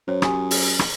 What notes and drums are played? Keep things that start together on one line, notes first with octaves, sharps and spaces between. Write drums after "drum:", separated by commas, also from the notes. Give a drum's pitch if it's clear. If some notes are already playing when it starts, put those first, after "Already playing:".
F#2 C5 C#5
G4 G#5 D#6, drum: rim click
drum: open hi-hat
drum: rim click